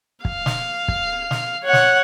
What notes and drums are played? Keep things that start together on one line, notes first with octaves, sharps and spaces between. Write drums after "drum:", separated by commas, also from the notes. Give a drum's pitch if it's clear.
F5, drum: kick
drum: snare
drum: kick
drum: snare
C#5 F#5
drum: snare